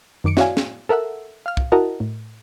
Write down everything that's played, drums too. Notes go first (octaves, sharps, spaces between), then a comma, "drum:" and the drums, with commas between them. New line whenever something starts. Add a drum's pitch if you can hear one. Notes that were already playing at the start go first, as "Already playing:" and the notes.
F#2 D#3 D6 C#7 D7
E4 F#4 C#5 D5 F5 G#5, drum: snare
drum: snare
A4 A#4 E5 F#5 E6
F5 F6
drum: kick
E4 F#4 A#4 D#5 F#5 A5
A2